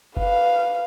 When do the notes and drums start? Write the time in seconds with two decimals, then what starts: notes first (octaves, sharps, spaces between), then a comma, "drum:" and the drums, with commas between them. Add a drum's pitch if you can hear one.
0.17 B4 F5, drum: kick F#1